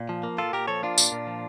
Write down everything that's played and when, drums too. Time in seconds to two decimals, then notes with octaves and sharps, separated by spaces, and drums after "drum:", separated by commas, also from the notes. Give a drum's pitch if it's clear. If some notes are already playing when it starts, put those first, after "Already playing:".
Already playing: A#2
0.09 F3
0.23 A#3
0.38 A#2 F4 A4
0.53 A#2 G4 A#4
0.67 F3 A4 C#5
0.83 A#3 D4 F4
0.98 A#2, drum: tambourine
1.12 A#2
1.27 F3